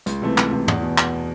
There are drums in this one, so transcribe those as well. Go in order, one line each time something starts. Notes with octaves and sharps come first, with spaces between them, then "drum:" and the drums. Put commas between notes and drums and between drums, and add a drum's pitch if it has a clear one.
C#2, drum: hi-hat
C3 E3 A3
C#2, drum: clap
C3 E3 A3
E2, drum: tom
B2
drum: clap